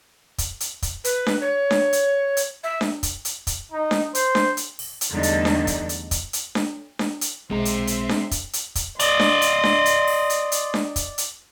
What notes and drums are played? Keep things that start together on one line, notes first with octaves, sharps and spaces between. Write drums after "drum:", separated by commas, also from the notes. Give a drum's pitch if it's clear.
drum: kick, hi-hat
drum: hi-hat
drum: kick, hi-hat
B4, drum: hi-hat
drum: snare D4
C#5
drum: snare D4
drum: hi-hat
drum: hi-hat
E5
drum: snare D4
drum: kick, hi-hat
drum: hi-hat
drum: kick, hi-hat
D#4
drum: snare D4
C5, drum: hi-hat
drum: snare D4
drum: hi-hat
drum: open hi-hat
drum: hi-hat
E2 D3 G3 A3 D#4 A4
drum: hi-hat
drum: snare D4
drum: kick, hi-hat
drum: hi-hat
drum: kick, hi-hat
drum: hi-hat
drum: snare D4
drum: snare D4
drum: hi-hat
B1 G#3 C4 C5 E5 A#5 C6
drum: hi-hat
drum: hi-hat
drum: snare D4
drum: kick, hi-hat
drum: hi-hat
drum: kick, hi-hat
D5 D#5 C6, drum: hi-hat
drum: snare D4
drum: hi-hat
drum: snare D4
drum: hi-hat
drum: open hi-hat
drum: hi-hat
drum: hi-hat
drum: snare D4
drum: kick, hi-hat
drum: hi-hat